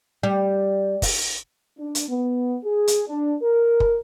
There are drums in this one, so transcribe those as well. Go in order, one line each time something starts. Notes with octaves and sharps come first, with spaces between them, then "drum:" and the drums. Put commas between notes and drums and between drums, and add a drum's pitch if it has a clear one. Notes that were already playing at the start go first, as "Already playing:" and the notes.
G3
drum: kick, open hi-hat
D4
drum: hi-hat
B3
G#4
drum: hi-hat
D4
A#4
drum: kick